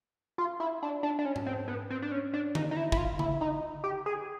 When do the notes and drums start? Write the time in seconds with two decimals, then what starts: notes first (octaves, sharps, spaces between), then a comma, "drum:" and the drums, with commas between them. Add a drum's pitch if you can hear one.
0.38 F4
0.60 E4
0.83 D4
1.03 D4
1.19 D4
1.25 C#4
1.36 drum: tom G#2
1.46 C4
1.68 B3
1.90 C4
2.02 D4
2.12 C#4
2.34 D4
2.55 D#4, drum: tom D3
2.71 D#4
2.77 E4
2.92 E4, drum: kick
2.97 F4
3.19 E4, drum: tom C#3
3.41 D#4
3.84 G4
4.06 G#4